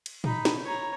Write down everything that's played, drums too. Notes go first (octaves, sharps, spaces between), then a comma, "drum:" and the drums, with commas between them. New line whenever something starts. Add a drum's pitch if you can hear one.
drum: cymbal
D#4 B5, drum: tom A2
drum: snare
C#5 A#5